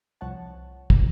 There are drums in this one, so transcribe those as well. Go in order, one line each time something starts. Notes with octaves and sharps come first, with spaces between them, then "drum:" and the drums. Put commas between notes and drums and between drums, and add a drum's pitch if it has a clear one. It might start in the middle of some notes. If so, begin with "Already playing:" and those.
C2 F3 C#5 F#5 A5
drum: kick